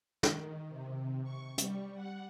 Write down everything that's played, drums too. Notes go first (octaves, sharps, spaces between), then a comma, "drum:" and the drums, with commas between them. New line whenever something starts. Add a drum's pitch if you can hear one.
D#3, drum: snare
C3
C#6
G3, drum: hi-hat
F#5